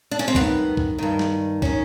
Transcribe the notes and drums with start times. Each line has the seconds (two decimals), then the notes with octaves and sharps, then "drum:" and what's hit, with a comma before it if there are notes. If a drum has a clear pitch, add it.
0.11 D4
0.19 C#4
0.28 C4
0.35 G2 D#3 B3, drum: kick
0.77 drum: kick
0.98 G2 D#3
1.19 drum: snare
1.62 D#3 C#4, drum: kick